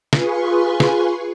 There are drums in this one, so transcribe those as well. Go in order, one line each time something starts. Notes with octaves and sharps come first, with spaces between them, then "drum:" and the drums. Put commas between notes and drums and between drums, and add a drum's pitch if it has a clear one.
F4 G#4 B4 G#5 C6 C#6, drum: snare
drum: snare